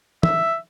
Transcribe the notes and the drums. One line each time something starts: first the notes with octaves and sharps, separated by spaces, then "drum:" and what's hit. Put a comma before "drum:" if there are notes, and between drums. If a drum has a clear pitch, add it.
E5, drum: tom